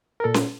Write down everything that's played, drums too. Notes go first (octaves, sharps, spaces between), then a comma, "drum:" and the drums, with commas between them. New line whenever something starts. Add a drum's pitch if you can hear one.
A#4
A#2 A4
drum: snare C#4